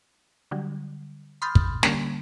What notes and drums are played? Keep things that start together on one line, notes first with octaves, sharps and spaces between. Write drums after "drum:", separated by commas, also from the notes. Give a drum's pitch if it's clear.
D3 F#3 G3
B5 C6 D#6 F6 G6 A6
drum: kick
D3 G3 A#3 C#4, drum: snare